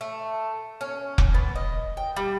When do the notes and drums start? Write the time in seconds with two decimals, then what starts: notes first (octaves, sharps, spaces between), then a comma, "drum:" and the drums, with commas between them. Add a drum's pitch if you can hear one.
0.01 A3
0.81 C#4
1.18 drum: kick F1
1.34 B3
1.56 D#5
1.97 G5
2.16 G3